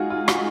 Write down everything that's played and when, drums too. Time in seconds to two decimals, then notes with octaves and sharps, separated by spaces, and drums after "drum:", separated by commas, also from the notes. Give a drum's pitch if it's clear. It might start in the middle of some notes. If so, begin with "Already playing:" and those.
Already playing: G#3 D#4 F4 F#4 G#4
0.10 F4
0.28 F#4, drum: rim click